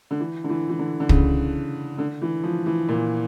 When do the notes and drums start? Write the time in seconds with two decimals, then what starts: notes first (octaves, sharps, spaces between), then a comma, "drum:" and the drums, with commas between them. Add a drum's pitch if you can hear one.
0.11 D3
0.20 E3
0.44 D3
0.49 E3
0.69 E3
0.79 D3
1.00 D3
1.09 C#3, drum: kick
1.98 D3
2.22 E3
2.44 F3
2.66 E3
2.89 A#2